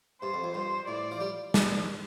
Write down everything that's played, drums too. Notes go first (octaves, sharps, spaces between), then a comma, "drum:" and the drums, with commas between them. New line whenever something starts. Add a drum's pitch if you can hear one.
G2 C5
F2
F2
G2 C5
A2 D5
F3
G3
drum: snare